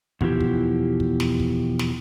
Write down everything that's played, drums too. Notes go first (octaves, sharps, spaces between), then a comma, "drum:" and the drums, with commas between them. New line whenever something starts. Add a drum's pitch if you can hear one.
E2 B2 F3 E4 G4, drum: kick
drum: kick
drum: kick
drum: snare
drum: kick
drum: snare